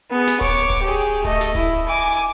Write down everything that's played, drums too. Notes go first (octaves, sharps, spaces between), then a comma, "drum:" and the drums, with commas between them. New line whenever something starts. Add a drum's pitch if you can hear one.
B3 G#4
drum: snare
C#5 D6, drum: kick D1, hi-hat
drum: kick D1, hi-hat
G4 G#4
drum: hi-hat
A3 D#5, drum: kick D1, hi-hat
drum: snare
E4, drum: kick D1, hi-hat
G#5 D6
drum: hi-hat